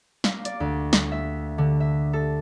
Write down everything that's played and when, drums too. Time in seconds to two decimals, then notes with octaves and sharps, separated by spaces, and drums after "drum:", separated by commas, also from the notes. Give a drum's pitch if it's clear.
0.24 A#3, drum: snare
0.45 D5, drum: hi-hat
0.60 D2
0.93 drum: snare
1.12 E5
1.58 D3
1.80 E5
2.13 A4